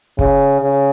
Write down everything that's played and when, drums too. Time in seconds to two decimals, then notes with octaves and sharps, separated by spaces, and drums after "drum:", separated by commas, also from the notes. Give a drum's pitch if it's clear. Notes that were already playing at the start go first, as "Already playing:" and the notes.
0.19 C#3, drum: kick
0.60 C#3